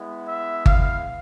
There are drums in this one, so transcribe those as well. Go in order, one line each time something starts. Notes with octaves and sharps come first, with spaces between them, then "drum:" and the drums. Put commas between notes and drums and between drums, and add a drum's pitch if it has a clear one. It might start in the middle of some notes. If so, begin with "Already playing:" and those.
Already playing: G#3 B3 E4
E5
F5, drum: kick G1